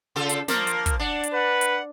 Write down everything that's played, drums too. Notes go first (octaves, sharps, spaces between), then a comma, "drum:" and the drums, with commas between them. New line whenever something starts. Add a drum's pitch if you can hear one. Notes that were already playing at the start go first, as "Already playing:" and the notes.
C#3 F4 A4
drum: hi-hat
F3 A#3 A#4, drum: snare
drum: hi-hat
drum: kick, hi-hat
D4 F#5
drum: hi-hat
B4 F#5
drum: hi-hat